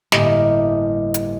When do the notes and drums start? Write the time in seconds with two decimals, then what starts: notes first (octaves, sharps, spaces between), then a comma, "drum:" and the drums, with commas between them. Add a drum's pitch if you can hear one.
0.12 G1 A2 A#3 G4 D#5 E5, drum: snare
1.14 drum: hi-hat